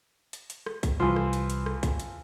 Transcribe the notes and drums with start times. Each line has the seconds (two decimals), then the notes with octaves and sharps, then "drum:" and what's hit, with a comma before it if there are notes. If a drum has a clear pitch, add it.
0.33 drum: hi-hat
0.50 drum: hi-hat
0.66 drum: rim click
0.83 drum: kick, hi-hat
1.00 C2 E3 F3 C6
1.16 drum: rim click
1.33 drum: hi-hat
1.50 drum: hi-hat
1.66 drum: rim click
1.83 drum: kick, hi-hat
2.00 drum: hi-hat